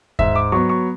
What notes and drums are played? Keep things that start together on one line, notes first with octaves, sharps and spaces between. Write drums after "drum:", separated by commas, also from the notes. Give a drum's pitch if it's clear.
G#2 E5, drum: kick D#2
D6
F#3 B3 C#6
C#6